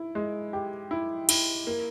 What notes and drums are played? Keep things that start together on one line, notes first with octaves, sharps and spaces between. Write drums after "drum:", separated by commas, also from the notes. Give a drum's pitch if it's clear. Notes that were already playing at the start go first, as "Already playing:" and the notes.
Already playing: E4
G#3
G4
E4
E4, drum: cymbal
A#3